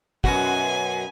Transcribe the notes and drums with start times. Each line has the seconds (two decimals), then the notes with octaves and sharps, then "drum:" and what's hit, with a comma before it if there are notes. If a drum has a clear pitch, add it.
0.24 F#2 B2 F#4 G#5, drum: kick